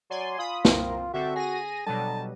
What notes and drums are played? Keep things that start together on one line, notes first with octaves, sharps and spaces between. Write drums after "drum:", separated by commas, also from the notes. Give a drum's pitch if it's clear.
F#3 D5 G#5 C6
F4 B5 D#6
C2 C4 A#4, drum: snare
D3 C4 F#4 A4 E5
G#4 A#6 D#7
B2 D3 F#3 G3 A5